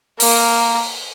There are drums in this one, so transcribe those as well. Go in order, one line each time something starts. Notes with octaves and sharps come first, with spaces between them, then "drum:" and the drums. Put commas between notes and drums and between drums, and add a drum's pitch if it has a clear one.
A#3 A#4, drum: open hi-hat